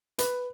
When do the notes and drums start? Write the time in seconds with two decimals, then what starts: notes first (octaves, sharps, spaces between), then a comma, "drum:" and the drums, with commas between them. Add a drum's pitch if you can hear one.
0.18 B4, drum: hi-hat